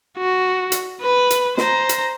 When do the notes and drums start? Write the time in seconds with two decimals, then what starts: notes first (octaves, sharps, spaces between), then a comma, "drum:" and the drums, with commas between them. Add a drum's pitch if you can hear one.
0.18 F#4
0.72 drum: hi-hat
1.01 B4 B5
1.30 drum: hi-hat
1.58 C5 A#5, drum: snare
1.89 drum: hi-hat